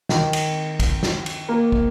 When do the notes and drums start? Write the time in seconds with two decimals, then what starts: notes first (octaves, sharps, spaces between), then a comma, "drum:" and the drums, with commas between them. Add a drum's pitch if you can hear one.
0.09 D#3, drum: snare
0.33 drum: cymbal
0.80 drum: kick, cymbal
1.03 drum: snare
1.26 drum: cymbal
1.49 A#3
1.72 drum: kick